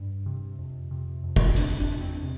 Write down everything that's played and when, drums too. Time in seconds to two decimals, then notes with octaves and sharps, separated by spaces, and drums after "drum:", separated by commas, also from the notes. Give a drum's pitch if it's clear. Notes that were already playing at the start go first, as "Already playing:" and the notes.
Already playing: G2
0.26 C3
0.59 F2
0.91 C3
1.24 F2
1.36 drum: kick
1.46 C4
1.56 C3 D4, drum: hi-hat
1.78 D4
1.90 E2
2.01 C4
2.22 C3